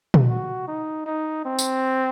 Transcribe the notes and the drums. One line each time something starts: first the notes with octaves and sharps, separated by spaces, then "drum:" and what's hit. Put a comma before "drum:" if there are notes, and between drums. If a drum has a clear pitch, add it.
drum: tom
F#4
D#4
D#4
C4
drum: tambourine